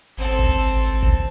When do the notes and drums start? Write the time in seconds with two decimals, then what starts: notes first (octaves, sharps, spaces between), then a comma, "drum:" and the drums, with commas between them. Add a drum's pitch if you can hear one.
0.18 G#1 C4 A4
0.39 drum: kick
1.03 drum: kick